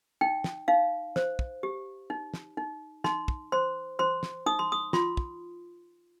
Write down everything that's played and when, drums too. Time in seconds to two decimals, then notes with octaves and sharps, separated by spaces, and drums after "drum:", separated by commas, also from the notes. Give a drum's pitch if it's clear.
0.21 D#4 G5
0.44 drum: snare
0.68 D#4 F5
1.16 C5, drum: snare
1.39 drum: kick
1.63 G4
2.10 D#4
2.34 drum: snare
2.57 D#4
3.04 D#4 C6, drum: snare
3.28 drum: kick
3.52 C5 C6
3.99 C5 C6
4.23 drum: snare
4.46 D#4 D#6
4.59 C6
4.72 D#6
4.93 F4 C6, drum: snare
5.17 drum: kick